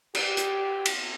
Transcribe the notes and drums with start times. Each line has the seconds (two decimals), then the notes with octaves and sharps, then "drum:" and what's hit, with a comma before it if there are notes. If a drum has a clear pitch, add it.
0.15 G4, drum: cymbal
0.37 drum: hi-hat
0.86 drum: cymbal